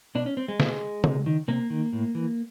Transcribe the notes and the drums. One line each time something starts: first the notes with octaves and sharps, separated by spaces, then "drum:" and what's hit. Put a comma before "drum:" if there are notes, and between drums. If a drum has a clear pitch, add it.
B2 D4
C#4
C4
G#3
B2, drum: snare
C3, drum: tom C#3
D#3
C3 A#3
D#3
A2
E3